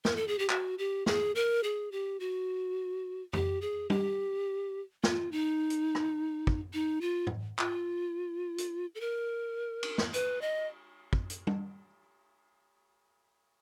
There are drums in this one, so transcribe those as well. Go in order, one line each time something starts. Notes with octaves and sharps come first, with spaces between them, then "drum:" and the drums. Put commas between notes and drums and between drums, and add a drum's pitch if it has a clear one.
A#4, drum: snare
A4
G#4
G4
F#4, drum: clap
G4
G#4, drum: snare
A#4
G#4
G4
F#4
G4, drum: tom F2
G#4
G4, drum: tom G3
F4, drum: snare
D#4
drum: hi-hat
drum: rim click
drum: kick
D#4
F4
drum: tom G#2
F4, drum: clap
drum: hi-hat
A4
A#4
drum: cymbal
drum: snare
B4, drum: hi-hat
D#5
drum: kick
drum: hi-hat
drum: tom G3